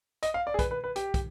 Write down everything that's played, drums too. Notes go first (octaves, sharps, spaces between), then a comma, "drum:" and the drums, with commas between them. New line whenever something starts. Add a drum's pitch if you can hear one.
D#5, drum: hi-hat
F5
D5
G#4
B4, drum: kick, hi-hat
B4
B4
G4, drum: hi-hat
drum: kick, hi-hat